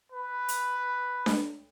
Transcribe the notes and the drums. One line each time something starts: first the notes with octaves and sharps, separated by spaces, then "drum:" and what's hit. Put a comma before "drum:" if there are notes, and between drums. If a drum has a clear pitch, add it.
B4
drum: hi-hat
drum: snare D4